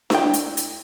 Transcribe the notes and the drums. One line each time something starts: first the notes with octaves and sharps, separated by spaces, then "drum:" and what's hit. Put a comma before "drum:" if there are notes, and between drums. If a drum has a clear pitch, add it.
E4 G5, drum: snare D4
drum: hi-hat
drum: hi-hat